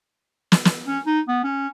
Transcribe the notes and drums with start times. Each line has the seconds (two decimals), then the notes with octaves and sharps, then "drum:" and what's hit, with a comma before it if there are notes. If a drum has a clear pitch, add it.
0.52 drum: snare
0.65 drum: snare
0.87 C#4
1.06 D#4
1.28 B3
1.44 C#4